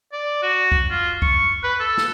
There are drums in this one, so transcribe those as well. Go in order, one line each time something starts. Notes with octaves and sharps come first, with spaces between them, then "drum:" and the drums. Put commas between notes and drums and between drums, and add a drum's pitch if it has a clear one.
D5
F#4
drum: kick
F4
C#6, drum: kick
B4
A4
drum: snare